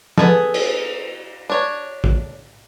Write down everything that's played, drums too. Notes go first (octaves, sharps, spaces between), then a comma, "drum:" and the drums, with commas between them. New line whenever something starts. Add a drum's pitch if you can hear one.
B3 G#4 A4, drum: tom
drum: cymbal
D4 C#5
drum: kick